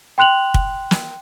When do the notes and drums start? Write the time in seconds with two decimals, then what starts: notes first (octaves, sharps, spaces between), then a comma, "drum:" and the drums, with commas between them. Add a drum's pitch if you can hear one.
0.18 G5 C6 F#6 F7 F#7
0.54 drum: kick
0.91 drum: snare